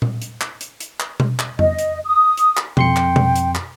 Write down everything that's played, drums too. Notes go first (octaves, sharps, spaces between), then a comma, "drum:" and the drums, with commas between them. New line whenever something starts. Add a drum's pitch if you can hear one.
drum: tom A#2
drum: hi-hat
drum: clap
drum: hi-hat
drum: hi-hat
drum: clap
drum: tom B2
drum: clap
D#5, drum: tom F2
drum: hi-hat
D#6
drum: hi-hat
drum: clap
F2 G5 C6 C#7, drum: tom B2
drum: clap
drum: tom B2
drum: hi-hat
drum: clap